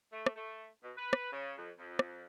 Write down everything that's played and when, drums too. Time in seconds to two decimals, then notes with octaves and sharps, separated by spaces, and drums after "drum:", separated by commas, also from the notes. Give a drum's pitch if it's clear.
0.12 A3
0.26 drum: rim click
0.35 A3
0.83 B2
0.97 B4
1.13 drum: rim click
1.32 C#3
1.57 F2
1.78 F2
1.99 drum: rim click